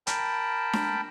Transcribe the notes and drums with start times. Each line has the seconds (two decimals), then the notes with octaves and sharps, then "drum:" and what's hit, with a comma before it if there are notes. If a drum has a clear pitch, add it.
0.07 A#4 G5 A5 B5, drum: hi-hat
0.73 drum: snare D4